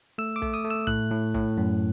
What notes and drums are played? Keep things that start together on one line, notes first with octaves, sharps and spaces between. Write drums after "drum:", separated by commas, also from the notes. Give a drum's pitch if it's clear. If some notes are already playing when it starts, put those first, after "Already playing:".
A3 E6
D6
A3, drum: kick, hi-hat
D#6
A3
E6
A2 F#6, drum: kick, hi-hat
A2
A2, drum: kick, hi-hat
F#2